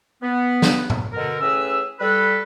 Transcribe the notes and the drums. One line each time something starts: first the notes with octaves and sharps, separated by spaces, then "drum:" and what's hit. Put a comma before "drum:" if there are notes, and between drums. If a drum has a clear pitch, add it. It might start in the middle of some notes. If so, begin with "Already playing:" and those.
B3
drum: snare
drum: tom A2
B2 D3 A#4
A2 C#4 G#4 B4 E6
G3 A4 B4